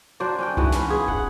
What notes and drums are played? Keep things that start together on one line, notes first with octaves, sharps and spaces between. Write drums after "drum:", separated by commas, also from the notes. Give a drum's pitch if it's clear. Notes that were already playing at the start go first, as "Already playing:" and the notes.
F#3 D4 C5 D5
C#4 D4 G5
G#2 E3 B3 F#4, drum: tom C2
C#4 B4, drum: snare
F4 G#4
F#5, drum: kick